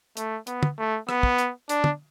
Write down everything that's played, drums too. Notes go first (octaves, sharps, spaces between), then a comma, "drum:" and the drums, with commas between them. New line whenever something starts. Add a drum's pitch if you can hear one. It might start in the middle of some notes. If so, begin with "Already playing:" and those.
A3, drum: hi-hat
B3, drum: hi-hat
drum: tom
A3
B3, drum: rim click
drum: kick
drum: hi-hat
D4, drum: hi-hat
drum: tom